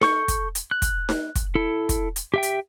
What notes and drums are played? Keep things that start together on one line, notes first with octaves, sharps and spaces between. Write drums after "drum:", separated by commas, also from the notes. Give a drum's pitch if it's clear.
A4 C#6 G6, drum: snare D#4
drum: kick, hi-hat
drum: hi-hat
F#6
drum: kick, hi-hat
drum: snare D#4
drum: kick, hi-hat
E4 A4
drum: kick, hi-hat
drum: hi-hat
G4 E5 G5
drum: hi-hat